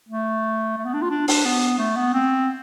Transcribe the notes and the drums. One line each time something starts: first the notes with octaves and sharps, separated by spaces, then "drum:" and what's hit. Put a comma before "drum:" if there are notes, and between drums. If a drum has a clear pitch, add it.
A3
A3
B3
D4
F4
D4
D4, drum: open hi-hat
B3
A3
B3
C4